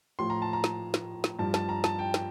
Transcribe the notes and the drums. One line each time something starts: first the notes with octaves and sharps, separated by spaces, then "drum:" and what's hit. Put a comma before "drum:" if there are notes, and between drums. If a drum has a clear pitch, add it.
A2 F3 C6
A#5
A5
A#5
drum: snare
drum: snare
drum: snare
G2 F3 A5
A5, drum: snare
A#5
A5, drum: snare
G5
drum: snare